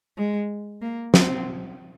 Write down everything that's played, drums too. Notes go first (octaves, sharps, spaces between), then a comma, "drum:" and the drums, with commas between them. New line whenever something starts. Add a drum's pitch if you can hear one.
G#3
A#3
C4, drum: snare